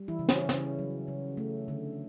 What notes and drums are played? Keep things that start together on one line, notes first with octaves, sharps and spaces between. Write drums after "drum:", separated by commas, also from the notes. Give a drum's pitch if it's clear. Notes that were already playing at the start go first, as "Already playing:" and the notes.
Already playing: G3
E3 E4
C#3
C#4, drum: snare
C#3, drum: snare
F#3
C#3
A3
D3